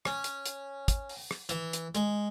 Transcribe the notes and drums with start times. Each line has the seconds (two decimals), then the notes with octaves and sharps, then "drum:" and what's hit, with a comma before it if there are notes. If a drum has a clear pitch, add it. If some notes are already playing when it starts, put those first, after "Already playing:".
0.05 C#4, drum: rim click
0.24 drum: hi-hat
0.46 drum: hi-hat
0.88 drum: kick, hi-hat
1.09 drum: open hi-hat
1.31 drum: rim click
1.49 E3, drum: hi-hat
1.73 drum: hi-hat
1.95 G#3, drum: hi-hat